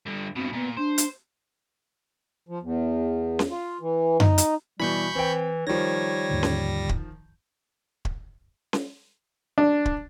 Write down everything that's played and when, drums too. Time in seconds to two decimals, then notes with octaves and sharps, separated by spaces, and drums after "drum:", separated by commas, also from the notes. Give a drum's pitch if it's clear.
0.06 G2 D3
0.36 G2 B2 C4
0.53 A#2 B3
0.77 D4 C5
0.98 drum: hi-hat
2.49 F3
2.63 E2
3.39 drum: snare C#4
3.51 F4
3.81 E3
4.20 D#4, drum: tom F#2
4.38 drum: hi-hat
4.80 B2 E3 G3 B5 C#6 G6
5.15 E3 C4 G5
5.67 D#3 F3 G3 C#5 A#6
6.30 D#2 G#2 D3
6.43 drum: snare C#4
6.89 drum: kick
8.05 drum: kick
8.73 drum: snare C#4
9.58 D4
9.85 drum: kick